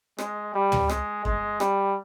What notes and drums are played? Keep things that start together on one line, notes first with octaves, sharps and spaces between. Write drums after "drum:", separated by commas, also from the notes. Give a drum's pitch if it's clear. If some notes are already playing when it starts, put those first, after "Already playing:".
G#3, drum: rim click
G3
drum: tom
G#3, drum: rim click
G#3, drum: kick F#2
G3, drum: rim click